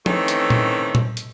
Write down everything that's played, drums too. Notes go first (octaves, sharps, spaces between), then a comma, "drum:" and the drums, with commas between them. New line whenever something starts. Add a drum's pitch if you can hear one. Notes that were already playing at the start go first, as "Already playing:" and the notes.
D#3 E3 A3 C4 C#4, drum: tom
drum: hi-hat
drum: tom A#2
drum: tom A#2
drum: hi-hat